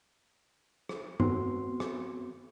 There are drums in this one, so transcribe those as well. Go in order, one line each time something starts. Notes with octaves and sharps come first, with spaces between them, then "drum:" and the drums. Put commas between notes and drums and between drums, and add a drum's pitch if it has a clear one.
drum: rim click
B3 C4 F#4 C6, drum: tom G2
drum: rim click